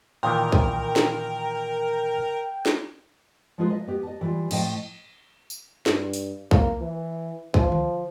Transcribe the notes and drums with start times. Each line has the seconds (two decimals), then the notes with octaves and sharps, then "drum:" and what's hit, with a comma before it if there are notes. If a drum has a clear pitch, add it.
0.23 A#2 D#3 E3 A#4 G5
0.52 drum: kick
0.96 drum: snare
2.66 drum: snare
3.58 F3 G#3 A#3 F4 G#4 B4
3.70 D#5 E5
3.87 B3 G4
4.03 D#5 A5
4.21 E3 G3 F4
4.51 A2 F3 C5 D#5 F5 G5, drum: cymbal
5.50 drum: tambourine
5.86 G2, drum: snare
6.13 drum: open hi-hat
6.51 A#3, drum: kick
6.80 E3
7.54 F3, drum: kick
7.72 drum: tom D3